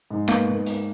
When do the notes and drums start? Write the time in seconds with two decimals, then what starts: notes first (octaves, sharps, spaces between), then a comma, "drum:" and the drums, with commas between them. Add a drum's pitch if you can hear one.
0.11 G#2
0.28 A#3 B3, drum: clap
0.48 G#2
0.67 A#3, drum: hi-hat